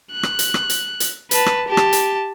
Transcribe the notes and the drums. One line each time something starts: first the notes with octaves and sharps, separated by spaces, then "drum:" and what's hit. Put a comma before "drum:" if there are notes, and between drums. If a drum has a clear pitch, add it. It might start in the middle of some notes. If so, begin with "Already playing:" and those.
F#6
drum: rim click
drum: hi-hat
drum: rim click
drum: hi-hat
drum: hi-hat
B4 A5, drum: hi-hat
drum: rim click
G4 A5
drum: rim click
drum: hi-hat